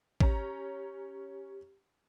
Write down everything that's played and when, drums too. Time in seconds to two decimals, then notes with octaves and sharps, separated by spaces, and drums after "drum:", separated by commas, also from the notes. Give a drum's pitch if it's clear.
0.21 C#4 G4 A#5, drum: kick